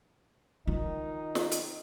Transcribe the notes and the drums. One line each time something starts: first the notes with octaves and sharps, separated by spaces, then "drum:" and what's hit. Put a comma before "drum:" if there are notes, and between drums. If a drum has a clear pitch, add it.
D#3 D#4 F4
drum: snare
drum: hi-hat